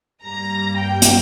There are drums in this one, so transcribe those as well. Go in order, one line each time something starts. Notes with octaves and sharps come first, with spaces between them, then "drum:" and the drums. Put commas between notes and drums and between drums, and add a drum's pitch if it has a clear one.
G2 G3 A#3 A#5
G5
drum: hi-hat